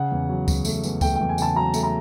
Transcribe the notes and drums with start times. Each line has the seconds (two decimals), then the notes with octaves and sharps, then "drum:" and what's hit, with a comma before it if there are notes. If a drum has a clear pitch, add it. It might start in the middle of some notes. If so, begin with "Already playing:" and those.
Already playing: C#3 F#5
0.11 E2
0.29 F#3
0.48 F#3, drum: kick C#2, tambourine
0.65 A3, drum: tambourine
0.84 E2, drum: tambourine
1.01 A3 G5, drum: kick C#2, tambourine
1.15 E2 G5
1.29 G#5
1.38 C#3 A5, drum: tambourine
1.55 F#3 A#5
1.74 A3, drum: tambourine
1.83 A#5